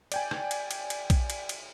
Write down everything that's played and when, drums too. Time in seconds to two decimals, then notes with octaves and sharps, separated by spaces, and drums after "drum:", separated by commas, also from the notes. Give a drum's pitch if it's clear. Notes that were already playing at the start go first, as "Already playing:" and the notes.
0.12 D5 G5 G#5, drum: cymbal
0.31 drum: rim click
0.51 drum: cymbal
0.71 drum: cymbal
0.90 drum: cymbal
1.10 drum: kick A#1, cymbal
1.30 drum: cymbal
1.49 drum: cymbal